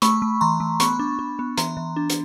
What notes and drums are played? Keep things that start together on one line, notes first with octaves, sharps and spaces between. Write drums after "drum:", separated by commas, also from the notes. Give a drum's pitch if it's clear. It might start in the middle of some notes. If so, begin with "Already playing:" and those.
A3 B5 C#6, drum: hi-hat
A3
E3 A#5 C6
A3
B3 B5 C#6, drum: hi-hat
D4
D4
B3
E3 A#5 C6, drum: hi-hat
E3
D4
drum: hi-hat